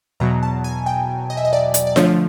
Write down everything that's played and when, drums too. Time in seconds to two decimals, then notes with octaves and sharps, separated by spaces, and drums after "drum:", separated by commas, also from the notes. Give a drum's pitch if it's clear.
0.20 E2 B2 F#3 A#5
0.43 A5
0.64 G#5
0.86 G5
1.30 D#5
1.37 E5
1.45 D#5
1.53 D5
1.74 D5, drum: hi-hat
1.87 D5
1.96 D3 F3 A3 D4 F4 C#5, drum: snare F4